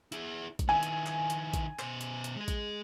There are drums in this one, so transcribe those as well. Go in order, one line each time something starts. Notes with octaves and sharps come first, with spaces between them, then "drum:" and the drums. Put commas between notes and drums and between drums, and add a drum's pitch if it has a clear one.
E4 G#4, drum: hi-hat
drum: kick A1, hi-hat
D#3 E4 G#5
drum: hi-hat
drum: clap
drum: hi-hat
drum: kick A1, hi-hat
B2 C5, drum: clap
drum: hi-hat
drum: hi-hat
G#3 G#4
drum: kick A1, hi-hat